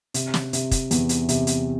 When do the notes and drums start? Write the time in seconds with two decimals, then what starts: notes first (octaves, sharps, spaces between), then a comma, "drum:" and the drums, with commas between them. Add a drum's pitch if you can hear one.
0.14 C3, drum: hi-hat
0.34 drum: snare
0.53 C3, drum: hi-hat
0.71 drum: kick, hi-hat
0.91 E2, drum: hi-hat
1.09 drum: hi-hat
1.29 C3, drum: hi-hat
1.47 drum: hi-hat